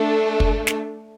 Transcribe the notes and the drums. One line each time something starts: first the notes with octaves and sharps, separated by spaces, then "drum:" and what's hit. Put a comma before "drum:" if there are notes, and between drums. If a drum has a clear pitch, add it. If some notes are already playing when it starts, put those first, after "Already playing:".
Already playing: A3 D4 A4
drum: kick
drum: snare